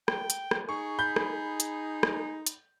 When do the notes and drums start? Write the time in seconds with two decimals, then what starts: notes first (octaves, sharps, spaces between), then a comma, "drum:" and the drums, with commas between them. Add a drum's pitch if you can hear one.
0.08 G5, drum: rim click
0.30 drum: hi-hat
0.51 drum: rim click
0.69 D#4 G#4 C#6
0.99 B5 G6
1.16 drum: rim click
1.60 drum: hi-hat
2.03 drum: rim click
2.46 drum: hi-hat